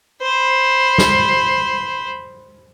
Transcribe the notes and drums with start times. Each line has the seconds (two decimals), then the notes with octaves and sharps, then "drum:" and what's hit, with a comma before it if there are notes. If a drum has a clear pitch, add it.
0.22 C5 B5
0.98 drum: snare